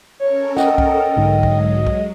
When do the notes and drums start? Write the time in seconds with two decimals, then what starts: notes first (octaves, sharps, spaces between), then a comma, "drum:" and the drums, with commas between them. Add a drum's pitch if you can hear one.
0.20 C#4 A4 A#4 C#5
0.57 D#5 F#5 G5, drum: snare
0.78 drum: kick B1
1.16 B1 G#2 D3 F#3 G#3
1.43 drum: kick B1
1.87 drum: kick B1